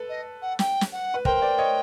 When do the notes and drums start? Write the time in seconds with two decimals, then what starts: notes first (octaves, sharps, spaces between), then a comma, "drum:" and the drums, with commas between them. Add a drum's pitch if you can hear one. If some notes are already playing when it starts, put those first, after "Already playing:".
Already playing: A4 B4
0.09 D#5
0.42 F#5
0.59 G5, drum: snare
0.81 drum: snare
0.92 F#5
1.14 B4
1.25 A#4 C5 G5, drum: kick
1.42 C5 D5
1.58 C#5 D#5